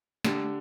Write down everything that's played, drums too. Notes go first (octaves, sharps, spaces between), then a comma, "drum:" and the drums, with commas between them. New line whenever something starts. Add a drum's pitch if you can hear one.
D3 G4, drum: snare